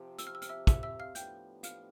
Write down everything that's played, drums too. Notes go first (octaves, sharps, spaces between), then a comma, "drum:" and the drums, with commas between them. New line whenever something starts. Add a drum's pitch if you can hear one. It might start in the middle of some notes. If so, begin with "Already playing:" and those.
Already playing: C3 F3 C4 G4
E6, drum: hi-hat
F6
E6
F6, drum: hi-hat
E5 E6
E5 E6, drum: kick, hi-hat
E5 E6
F5 F6
A2 F3 B3 D4 G4 G5 G6, drum: hi-hat
F5 F6, drum: hi-hat